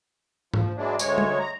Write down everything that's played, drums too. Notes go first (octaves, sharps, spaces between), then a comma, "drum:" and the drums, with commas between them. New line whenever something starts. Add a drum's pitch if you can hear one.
F3, drum: tom G#2
E3 F#3 G#3 D4
D2 G#3 C#5, drum: tambourine
drum: tom G3
A#5